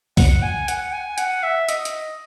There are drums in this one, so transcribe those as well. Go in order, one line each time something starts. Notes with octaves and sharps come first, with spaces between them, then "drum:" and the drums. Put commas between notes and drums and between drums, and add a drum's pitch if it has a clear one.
F#5, drum: kick B1, open hi-hat
G#5
F#5, drum: hi-hat
G#5
F#5, drum: hi-hat
E5
D#5, drum: hi-hat
drum: hi-hat